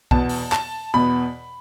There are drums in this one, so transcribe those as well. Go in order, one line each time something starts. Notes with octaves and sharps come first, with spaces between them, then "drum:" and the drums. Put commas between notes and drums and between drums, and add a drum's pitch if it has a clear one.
E2 B2 B3 A5, drum: kick B1
drum: open hi-hat
A5, drum: clap
E2 B2 B3 B5